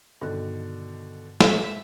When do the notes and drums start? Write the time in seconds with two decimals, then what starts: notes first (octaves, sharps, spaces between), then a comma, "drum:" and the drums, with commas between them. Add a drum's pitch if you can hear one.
0.21 G2 B2 D3 D#3 F#6
1.41 E5, drum: snare